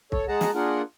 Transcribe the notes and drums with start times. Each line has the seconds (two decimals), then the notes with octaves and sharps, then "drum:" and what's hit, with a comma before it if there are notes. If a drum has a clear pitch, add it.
0.12 A4 C#5, drum: kick
0.28 G#3 G#4 F#5 A5 A#5
0.41 drum: snare
0.55 A#3 D4 F4 G#4 A#4 F#5